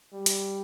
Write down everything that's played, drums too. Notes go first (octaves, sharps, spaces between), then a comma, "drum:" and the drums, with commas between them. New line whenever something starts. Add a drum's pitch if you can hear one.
G3
drum: hi-hat